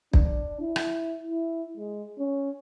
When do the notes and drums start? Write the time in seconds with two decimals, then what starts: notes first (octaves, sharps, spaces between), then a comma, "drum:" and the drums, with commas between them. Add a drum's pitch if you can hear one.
0.13 D4, drum: kick
0.60 E4
0.76 drum: rim click
1.27 E4
1.77 G#3
2.18 C#4